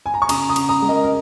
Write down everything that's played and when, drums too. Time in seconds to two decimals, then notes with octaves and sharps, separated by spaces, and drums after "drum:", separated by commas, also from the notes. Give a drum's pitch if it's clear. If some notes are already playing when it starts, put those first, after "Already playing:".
0.06 G#5
0.14 A#5
0.22 C#6
0.29 C#3 A#5 D#6, drum: cymbal
0.49 A#5 D#6
0.56 C#3, drum: cymbal
0.69 A#5 D#6
0.82 G#3
0.88 A#4 D#5
1.04 A#4